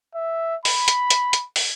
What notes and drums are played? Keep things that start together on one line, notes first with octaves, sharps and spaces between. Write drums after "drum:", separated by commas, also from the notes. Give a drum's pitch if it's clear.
E5
B5, drum: open hi-hat
drum: hi-hat
drum: hi-hat
drum: hi-hat
drum: open hi-hat